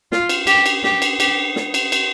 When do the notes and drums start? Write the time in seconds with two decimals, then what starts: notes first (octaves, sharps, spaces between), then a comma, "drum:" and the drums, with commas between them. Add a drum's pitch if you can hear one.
0.12 F4, drum: snare
0.29 drum: cymbal
0.47 G4, drum: cymbal
0.66 drum: cymbal
0.84 G4, drum: snare
1.02 drum: cymbal
1.20 G4, drum: cymbal
1.56 drum: snare
1.74 drum: cymbal
1.92 drum: cymbal